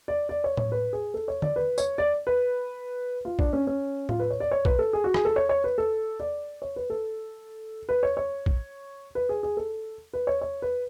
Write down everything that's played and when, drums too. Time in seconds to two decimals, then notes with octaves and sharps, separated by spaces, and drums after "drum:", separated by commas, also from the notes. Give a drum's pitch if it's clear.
0.08 D5
0.29 D5
0.44 C#5
0.57 C#5, drum: tom A2
0.72 B4
0.93 G#4
1.14 A4
1.28 C#5
1.42 D5, drum: tom D3
1.56 B4
1.78 C#5, drum: tambourine
1.98 D5
2.27 B4
3.25 F4
3.39 D4, drum: kick
3.53 C#4
3.67 C#4
4.09 F4, drum: tom A2
4.19 B4
4.30 C#5
4.40 D5
4.51 C#5
4.65 B4, drum: kick
4.79 A4
4.93 G#4
5.04 F#4
5.14 G#4, drum: rim click
5.25 A4
5.36 C#5
5.49 C#5
5.64 B4
5.78 A4
6.20 D5
6.62 C#5
6.76 B4
6.90 A4
7.89 B4
8.03 C#5
8.17 C#5
8.46 drum: kick
9.15 B4
9.29 G#4
9.43 G#4
9.57 A4
10.13 B4
10.27 C#5
10.41 C#5
10.62 B4